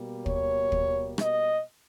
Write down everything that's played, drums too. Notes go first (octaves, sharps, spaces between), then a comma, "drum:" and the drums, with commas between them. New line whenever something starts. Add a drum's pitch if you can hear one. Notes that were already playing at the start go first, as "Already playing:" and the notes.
Already playing: B2 G3 A#3
C#5, drum: kick
drum: kick
D#5, drum: rim click